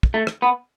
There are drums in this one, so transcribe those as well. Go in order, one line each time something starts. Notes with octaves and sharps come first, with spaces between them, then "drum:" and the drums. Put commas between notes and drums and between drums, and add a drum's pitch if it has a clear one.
drum: kick
A3
drum: rim click
B3